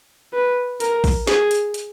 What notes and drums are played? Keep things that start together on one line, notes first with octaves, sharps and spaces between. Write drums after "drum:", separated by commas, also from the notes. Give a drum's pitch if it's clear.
B4
A#4, drum: hi-hat
drum: kick A#1, open hi-hat
G#4, drum: snare
drum: hi-hat
drum: hi-hat